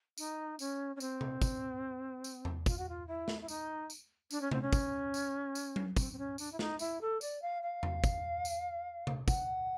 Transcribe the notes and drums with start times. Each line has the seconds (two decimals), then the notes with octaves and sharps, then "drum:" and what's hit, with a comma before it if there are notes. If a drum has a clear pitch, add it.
0.18 D#4, drum: tambourine
0.59 C#4, drum: tambourine
0.95 C#4
1.00 C4, drum: tambourine
1.21 drum: tom C3
1.42 drum: kick, tambourine
2.24 drum: tambourine
2.45 drum: tom E2
2.66 F4, drum: kick, tambourine
2.77 F#4
2.88 F4
3.07 E4
3.28 drum: snare
3.41 E4
3.48 D#4, drum: tambourine
3.90 drum: tambourine
4.31 D4, drum: tambourine
4.41 C#4
4.51 C4, drum: tom C3
4.61 C#4
4.73 drum: kick, tambourine
5.14 drum: tambourine
5.55 drum: tambourine
5.76 drum: tom F#3
5.96 C4, drum: kick, tambourine
6.12 C4
6.18 C#4
6.38 D4, drum: tambourine
6.52 E4
6.59 D#4, drum: snare
6.79 E4, drum: tambourine
7.01 A4
7.21 D5, drum: tambourine
7.41 F5
7.62 F5
7.83 drum: tom E2
8.04 drum: kick, tambourine
8.45 drum: tambourine
9.07 drum: tom C3
9.28 F#5, drum: kick, tambourine